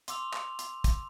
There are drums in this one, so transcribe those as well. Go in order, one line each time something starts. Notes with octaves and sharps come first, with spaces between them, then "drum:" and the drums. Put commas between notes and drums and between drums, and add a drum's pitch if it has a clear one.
C6 D6 E6 F7, drum: hi-hat
drum: clap
drum: hi-hat
drum: kick, hi-hat